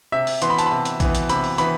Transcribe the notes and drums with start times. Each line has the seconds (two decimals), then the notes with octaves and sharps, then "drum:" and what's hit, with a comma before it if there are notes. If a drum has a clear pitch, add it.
0.12 C3 E5
0.27 drum: open hi-hat
0.42 E3 B3 C6, drum: hi-hat
0.50 B5
0.59 A5, drum: hi-hat
0.66 C3 B5
0.85 drum: hi-hat
1.00 E3 B3, drum: kick A#1, hi-hat
1.15 drum: hi-hat
1.29 C3 B5, drum: hi-hat
1.44 drum: open hi-hat
1.58 E3 B3 B5, drum: hi-hat